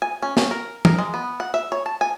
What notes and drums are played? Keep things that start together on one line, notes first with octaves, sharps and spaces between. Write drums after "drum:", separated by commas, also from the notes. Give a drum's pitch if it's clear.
G#5
C#4
C#4, drum: snare
A#4
A#4, drum: tom
G#3
B3
F#5
E5
C#5
A5
G#5